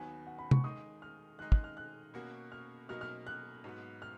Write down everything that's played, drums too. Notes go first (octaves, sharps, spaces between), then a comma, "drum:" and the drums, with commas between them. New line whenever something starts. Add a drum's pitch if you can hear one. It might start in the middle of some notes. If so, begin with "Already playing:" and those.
Already playing: D#2 D#3 F#3 B3 G#5
F#5
B5
C#6, drum: tom C3
D#3 G#3 D#4 D#6
F6
D#3 G#3 D#4 F#6
F#6, drum: kick
F6
F#6
B2 A#3 C#4 F#4
F6
B2 F#3 A#3 D#4 F6
F6
F#6
G#2 F#3 B3
F6